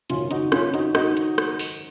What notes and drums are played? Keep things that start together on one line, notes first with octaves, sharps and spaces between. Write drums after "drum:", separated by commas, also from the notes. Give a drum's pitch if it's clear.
G#1 F#2 C#3 F#3 C#4 F4, drum: hi-hat
D#4 F#4, drum: hi-hat
C#4 F4, drum: rim click
D#4 F#4, drum: hi-hat
D#4 F#4, drum: rim click
drum: hi-hat
drum: rim click
drum: open hi-hat